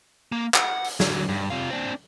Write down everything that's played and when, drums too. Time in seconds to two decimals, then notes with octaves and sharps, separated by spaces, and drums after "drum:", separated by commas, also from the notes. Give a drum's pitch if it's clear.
0.32 A#3
0.54 F#5, drum: clap
0.84 drum: open hi-hat
1.00 D3 F#3, drum: snare
1.29 G2
1.50 C3 F4
1.70 C4 D4